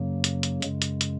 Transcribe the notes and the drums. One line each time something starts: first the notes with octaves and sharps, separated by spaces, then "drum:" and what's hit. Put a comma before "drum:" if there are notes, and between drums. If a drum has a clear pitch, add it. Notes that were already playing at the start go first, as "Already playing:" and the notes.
Already playing: F#2 C#3 F#3 A#3
drum: hi-hat
drum: hi-hat
F#2 C#3 G#3, drum: hi-hat
drum: hi-hat
drum: hi-hat